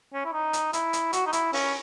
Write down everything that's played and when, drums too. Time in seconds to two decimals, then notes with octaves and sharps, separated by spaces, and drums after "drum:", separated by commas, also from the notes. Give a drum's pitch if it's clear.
0.14 C#4
0.25 E4
0.33 D#4
0.53 drum: hi-hat
0.73 E4, drum: hi-hat
0.93 drum: hi-hat
1.13 F#4, drum: hi-hat
1.26 D#4
1.33 E4, drum: hi-hat
1.53 C#4, drum: open hi-hat